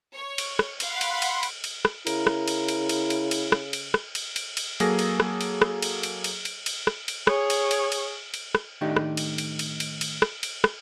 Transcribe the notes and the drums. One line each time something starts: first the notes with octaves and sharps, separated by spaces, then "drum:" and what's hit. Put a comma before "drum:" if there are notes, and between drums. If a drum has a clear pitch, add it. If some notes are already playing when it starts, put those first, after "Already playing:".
C#5
drum: cymbal
drum: rim click
F5 F#5 B5 C6, drum: cymbal
drum: cymbal
drum: cymbal
drum: cymbal
drum: cymbal
drum: rim click
C#3 E4 A#4, drum: cymbal
drum: rim click
drum: cymbal
drum: cymbal
drum: cymbal
drum: cymbal
drum: cymbal
drum: rim click
drum: cymbal
drum: rim click
drum: cymbal
drum: cymbal
drum: cymbal
F#3 A#3 G#4 A4 A#6, drum: cymbal
drum: cymbal
drum: rim click
drum: cymbal
drum: rim click
drum: cymbal
drum: cymbal
drum: cymbal
drum: cymbal
drum: cymbal
drum: rim click
drum: cymbal
G#4 C#5, drum: rim click
drum: cymbal
drum: cymbal
drum: cymbal
drum: cymbal
drum: rim click
A2 D#3 A3 D4 D#4 G4
drum: rim click
drum: cymbal
drum: cymbal
drum: cymbal
drum: cymbal
drum: cymbal
drum: rim click
drum: cymbal
drum: rim click